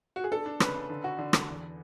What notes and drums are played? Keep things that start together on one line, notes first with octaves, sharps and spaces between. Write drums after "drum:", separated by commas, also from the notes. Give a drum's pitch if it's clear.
F#4
G#4
D4 A4
D4
C#3 B4, drum: rim click
C#3
D3
F#4
D3
D3, drum: rim click
E2